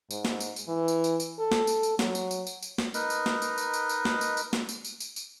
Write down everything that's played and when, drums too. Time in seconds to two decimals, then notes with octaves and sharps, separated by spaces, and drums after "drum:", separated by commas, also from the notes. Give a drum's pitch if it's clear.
0.11 G#2, drum: tambourine
0.25 drum: snare
0.40 drum: tambourine
0.56 drum: tambourine
0.68 E3
0.88 drum: tambourine
1.04 drum: tambourine
1.20 drum: tambourine
1.39 A4
1.52 drum: snare
1.67 drum: tambourine
1.83 drum: tambourine
1.99 F#3, drum: snare
2.15 drum: tambourine
2.31 drum: tambourine
2.47 drum: tambourine
2.63 drum: tambourine
2.78 drum: snare
2.94 D#4 A#4 B4 D#5, drum: tambourine
3.10 drum: tambourine
3.26 drum: snare
3.42 drum: tambourine
3.58 drum: tambourine
3.74 drum: tambourine
3.89 drum: tambourine
4.05 drum: snare
4.21 drum: tambourine
4.37 drum: tambourine
4.53 drum: snare
4.69 drum: tambourine
4.85 drum: tambourine
5.00 drum: tambourine
5.16 drum: tambourine